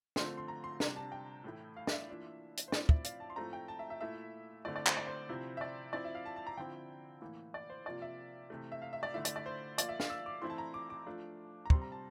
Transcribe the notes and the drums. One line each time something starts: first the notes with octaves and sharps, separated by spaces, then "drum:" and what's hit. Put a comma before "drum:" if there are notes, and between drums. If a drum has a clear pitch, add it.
D3 F3 A3 C4 C6, drum: snare
C6
A#5
C6
C3 G3 D4 A#5, drum: snare
A5
G5
A2 E3 A3 E4
F5
D5, drum: snare
E5
E3 A#3 D4 F4
drum: hi-hat
C5
A2 F3 C4 E4 D5, drum: snare
E5, drum: kick
F5, drum: hi-hat
A5
C6
A2 F3 A3 C4 A#5
G5
A5
E5
E5
A#2 A3 E4 E5
D3 A3 C4 E4 D5
D5
C5, drum: clap
D5
C5
C3 F3 C4 E4
E5
D5
F3 C4 E4 D5
E5
F5
A5
A5
A#5
D3 F3 C4 E4 G5
A2 E3 A#3 E4
D5
C5
C3 F3 A#3 F4 D5
E5
C3 E3 A3
E5
F5
E5
D5
D3 A3 E4 E5
D5, drum: hi-hat
D5
C5
F3 A#3 F4 D5, drum: hi-hat
E5
F5, drum: snare
E6
D6
E3 A3 C4 E4 C6
A5
A#5
D6
D6
F3 A3 D4
A#5
C3 G3 C4 C6, drum: kick
A#5
A5